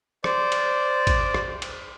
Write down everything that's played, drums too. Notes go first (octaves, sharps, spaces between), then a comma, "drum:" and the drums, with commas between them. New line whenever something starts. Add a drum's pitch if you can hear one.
C5 D5, drum: rim click
drum: cymbal
drum: kick, cymbal
drum: rim click
drum: cymbal